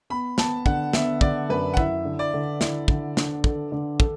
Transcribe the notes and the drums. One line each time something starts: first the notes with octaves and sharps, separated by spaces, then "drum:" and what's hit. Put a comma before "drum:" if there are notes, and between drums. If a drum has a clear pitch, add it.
B3 B5
B3 A5, drum: snare
D3 F#5, drum: kick
B3 E5, drum: snare
D3 D5, drum: kick
F#2 B4
F#5
E4 E5, drum: kick
D3
D5
D3
E4, drum: snare
D3, drum: kick
D3, drum: snare
A4, drum: kick
D3
A4, drum: kick